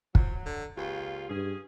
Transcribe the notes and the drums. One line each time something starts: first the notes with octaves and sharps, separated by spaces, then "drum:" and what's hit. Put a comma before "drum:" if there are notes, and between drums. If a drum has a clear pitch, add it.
F3 F#3, drum: kick
D3
C#2 A#2 F4 G4
G2 C#4 G#4